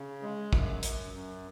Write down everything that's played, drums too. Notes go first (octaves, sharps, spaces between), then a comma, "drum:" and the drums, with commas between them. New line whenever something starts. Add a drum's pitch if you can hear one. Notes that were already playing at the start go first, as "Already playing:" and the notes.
Already playing: C#3
G#3
F#2, drum: kick
F#2, drum: hi-hat
F#2